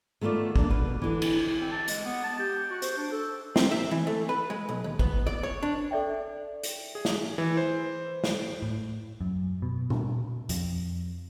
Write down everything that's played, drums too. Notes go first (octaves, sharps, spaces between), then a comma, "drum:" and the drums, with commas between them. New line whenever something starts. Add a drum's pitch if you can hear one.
D#3 A3 B3 F4 D5
A#3 D4, drum: kick
B2 B4
D3 E3
drum: cymbal
C4
A5
G#3, drum: hi-hat
B3
A5
G4
F#4
C5, drum: hi-hat
D4
A4
C4, drum: snare
E5
E3
A3
B4
G#3
B1
D#2
B3, drum: kick
D5
C#5
D4
A4 D5 E5 G5
drum: hi-hat
G#4
drum: snare
E3
C5
drum: snare
A2
F#2
B2
drum: tom A#2
F2, drum: hi-hat